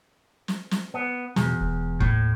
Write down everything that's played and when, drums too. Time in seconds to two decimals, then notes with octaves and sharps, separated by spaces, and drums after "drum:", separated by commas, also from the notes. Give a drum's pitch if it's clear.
0.48 drum: snare
0.71 drum: snare
0.94 B3
1.36 E2 B2, drum: snare
1.61 E1
2.00 D#2 A2, drum: kick